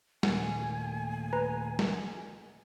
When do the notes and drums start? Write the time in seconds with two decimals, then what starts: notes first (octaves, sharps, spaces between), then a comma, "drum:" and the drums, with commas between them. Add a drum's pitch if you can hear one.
0.23 D#2 A#2 A3 G#5, drum: snare
1.33 B4 A#5
1.79 drum: snare